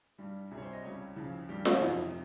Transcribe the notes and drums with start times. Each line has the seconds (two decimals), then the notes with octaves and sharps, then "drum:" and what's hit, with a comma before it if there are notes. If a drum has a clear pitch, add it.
0.18 G2 G3
0.51 C#2 C3 G3 G#4
0.57 C#5
0.62 C5
0.73 D#5
0.84 C#2 C#3 G3 C#5
1.16 C#2 C#3 F3
1.49 G2 D#3 G3 G4
1.65 F4, drum: snare F4
1.82 F2 C3 F3 D#4